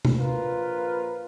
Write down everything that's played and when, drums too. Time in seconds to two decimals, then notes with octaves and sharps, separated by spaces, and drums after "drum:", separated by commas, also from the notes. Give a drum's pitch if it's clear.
0.05 drum: tom C3
0.18 A#1 F4 A#4 B4